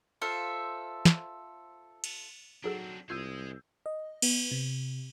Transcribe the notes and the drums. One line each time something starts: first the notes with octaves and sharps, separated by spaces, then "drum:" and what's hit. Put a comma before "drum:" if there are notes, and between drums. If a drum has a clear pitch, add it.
F4 A4 C5 E5
drum: snare
drum: cymbal
F#3 C4 D4 D#4 G#4 A4
C2 F4 G#4 D#5 E6 G6 G#6
D#5
B3, drum: cymbal
C3